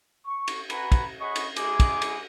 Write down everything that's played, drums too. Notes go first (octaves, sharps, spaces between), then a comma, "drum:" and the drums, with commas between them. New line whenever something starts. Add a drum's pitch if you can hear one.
C#6
drum: cymbal
F#4 B4 G#5 A#5 B5, drum: cymbal
drum: kick, cymbal
G#4 C#5 D#5 F#5 B5 C#6
drum: cymbal
G#3 E4 G#4 G#5 D6, drum: cymbal
drum: kick, cymbal
drum: cymbal